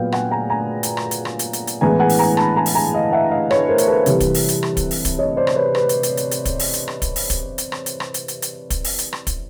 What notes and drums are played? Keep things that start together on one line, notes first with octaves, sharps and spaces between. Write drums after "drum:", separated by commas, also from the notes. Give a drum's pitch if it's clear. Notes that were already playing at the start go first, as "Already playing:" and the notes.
Already playing: A#2 F#3 B3 F5 G5
F#5 G#5, drum: rim click
G#5 A#5
G#5 A#5
drum: hi-hat
drum: rim click
drum: hi-hat
drum: rim click
drum: hi-hat
drum: hi-hat
drum: hi-hat
A2 E3 G#3 B3 G#5 A#5
F#5 G#5
drum: open hi-hat
G#5 A#5
A5 B5, drum: rim click
G#5 A#5
drum: open hi-hat
G#5 A#5
D#5 F5
E5 F#5
D#5 F5
B4 C#5, drum: rim click
A#4 C5
drum: hi-hat
A4 B4
C3 E3 G3, drum: hi-hat
drum: kick, hi-hat
drum: open hi-hat
drum: hi-hat
drum: rim click
drum: kick, hi-hat
drum: open hi-hat
drum: kick, hi-hat
C#5 D#5
C5 D5
drum: rim click
B4 C#5
B4, drum: rim click
drum: hi-hat
drum: hi-hat
drum: hi-hat
drum: hi-hat
drum: kick, hi-hat
drum: open hi-hat
drum: hi-hat
drum: rim click
drum: kick, hi-hat
drum: open hi-hat
drum: kick, hi-hat
drum: hi-hat
drum: rim click
drum: hi-hat
drum: rim click
drum: hi-hat
drum: hi-hat
drum: hi-hat
drum: kick, hi-hat
drum: open hi-hat
drum: hi-hat
drum: rim click
drum: kick, hi-hat